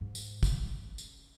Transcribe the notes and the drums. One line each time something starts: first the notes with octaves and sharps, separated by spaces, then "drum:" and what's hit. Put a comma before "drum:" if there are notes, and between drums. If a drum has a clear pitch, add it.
G#2
drum: tambourine
drum: kick, tambourine
C#4
drum: tambourine